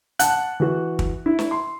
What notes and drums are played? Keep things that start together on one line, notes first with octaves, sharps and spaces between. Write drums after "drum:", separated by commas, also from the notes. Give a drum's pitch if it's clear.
F#5 A5 F#6, drum: hi-hat
E3 F#4
drum: kick
E4
drum: snare
C6